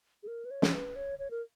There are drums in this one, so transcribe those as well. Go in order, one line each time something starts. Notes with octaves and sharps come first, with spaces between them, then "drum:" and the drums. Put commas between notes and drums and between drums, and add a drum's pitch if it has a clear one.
G#4
A#4
B4
C#5
drum: snare
B4
C#5
C#5
A#4